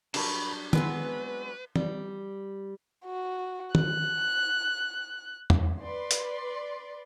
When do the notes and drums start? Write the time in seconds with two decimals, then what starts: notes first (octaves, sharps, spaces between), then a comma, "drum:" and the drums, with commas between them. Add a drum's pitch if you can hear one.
0.14 F#3 G3 D4 A5 B5, drum: cymbal
0.73 G#3 B3 C4 B4, drum: tom
1.76 G3, drum: tom
3.05 F#4
3.75 F#6, drum: tom
5.50 drum: tom E2
5.81 B4 D5 C6
6.11 drum: hi-hat